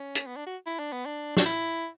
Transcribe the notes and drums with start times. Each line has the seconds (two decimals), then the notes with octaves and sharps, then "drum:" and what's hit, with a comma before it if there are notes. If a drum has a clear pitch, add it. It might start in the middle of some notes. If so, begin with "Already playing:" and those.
Already playing: C#4
0.15 drum: hi-hat
0.26 B3
0.36 D4
0.46 F#4
0.66 E4
0.79 D4
0.92 B3
1.05 D4
1.37 D4, drum: snare
1.46 E4